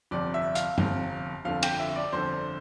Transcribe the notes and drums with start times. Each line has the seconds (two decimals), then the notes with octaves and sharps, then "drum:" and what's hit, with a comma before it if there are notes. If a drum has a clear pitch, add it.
0.11 G1 F2 C3 D5
0.34 E5
0.55 F5, drum: hi-hat
0.78 G1 F2 C3 F5, drum: tom
1.45 G1 F2 D3 F5
1.63 G5, drum: cymbal
1.80 E5
1.96 D5
2.13 G1 F2 D3 C5